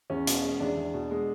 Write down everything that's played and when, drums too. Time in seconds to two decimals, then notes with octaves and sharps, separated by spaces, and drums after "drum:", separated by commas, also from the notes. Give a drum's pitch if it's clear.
0.10 E2 C#4
0.27 B2, drum: hi-hat
0.44 G#3
0.60 E2 D4
0.77 E2
0.94 B2
1.11 G#3